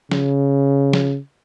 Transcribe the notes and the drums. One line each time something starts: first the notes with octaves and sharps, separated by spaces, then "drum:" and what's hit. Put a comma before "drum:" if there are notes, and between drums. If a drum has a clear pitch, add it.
C#3, drum: snare
drum: snare